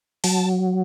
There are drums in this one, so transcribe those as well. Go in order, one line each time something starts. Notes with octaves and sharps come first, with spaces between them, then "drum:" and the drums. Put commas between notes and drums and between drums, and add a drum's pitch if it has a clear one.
F#3 A5, drum: open hi-hat